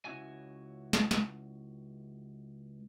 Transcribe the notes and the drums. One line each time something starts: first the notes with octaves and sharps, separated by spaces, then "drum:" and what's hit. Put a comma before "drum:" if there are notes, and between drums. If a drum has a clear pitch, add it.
C#2 C#4 E4 F#4 G#5
drum: snare
drum: snare